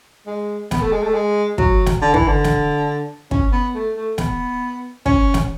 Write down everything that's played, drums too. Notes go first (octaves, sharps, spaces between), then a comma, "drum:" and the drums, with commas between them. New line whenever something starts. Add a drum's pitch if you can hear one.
G#3
B3, drum: snare
A3
G#3
A3
G#3
F#3, drum: kick
drum: snare
D3
E3, drum: kick
D3
drum: snare
C#4, drum: kick
B3
A3
A3
B3, drum: snare
C#4, drum: kick
drum: snare